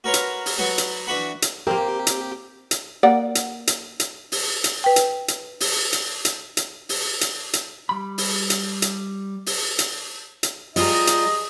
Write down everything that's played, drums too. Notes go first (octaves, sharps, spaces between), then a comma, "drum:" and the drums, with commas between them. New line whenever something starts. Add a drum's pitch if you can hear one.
F#4 A#4 B4 C#5 A#5 C6
drum: hi-hat
drum: open hi-hat
F#3 F#4 B4 F#5
drum: hi-hat
E3 D4 F#4 B4 F#5 B5
drum: hi-hat
A#3 C4 G4 A#4
drum: hi-hat
drum: hi-hat
A#3 D5 F#5
drum: hi-hat
drum: hi-hat
drum: hi-hat
drum: open hi-hat
drum: hi-hat
B4 G5
drum: hi-hat
drum: hi-hat
drum: open hi-hat
drum: hi-hat
drum: hi-hat
drum: hi-hat
drum: open hi-hat
drum: hi-hat
drum: hi-hat
G3 B5
drum: open hi-hat
drum: hi-hat
drum: hi-hat
drum: open hi-hat
drum: hi-hat
drum: hi-hat
G3 F4 G#4 D#5 A#5, drum: open hi-hat
drum: hi-hat